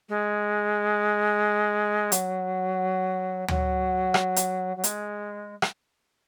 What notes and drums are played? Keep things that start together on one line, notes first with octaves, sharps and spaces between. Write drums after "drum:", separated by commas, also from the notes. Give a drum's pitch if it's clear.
G#3
F#3, drum: hi-hat
F#3, drum: tom D2
drum: rim click
drum: hi-hat
F#3
G#3, drum: hi-hat
drum: rim click